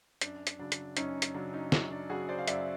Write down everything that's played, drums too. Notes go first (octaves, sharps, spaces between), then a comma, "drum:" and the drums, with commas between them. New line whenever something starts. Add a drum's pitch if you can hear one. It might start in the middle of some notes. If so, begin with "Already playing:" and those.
F#2 D4, drum: hi-hat
drum: hi-hat
C#3 F#3 D4
drum: hi-hat
F#2 C#4 D#4, drum: hi-hat
drum: hi-hat
C#3 F#3 D4
C#4 D#4
F#2 C#4, drum: snare
D4
C#3 F#3 F#4 G#4
C5 D5
F5
F#2 D5 E5, drum: hi-hat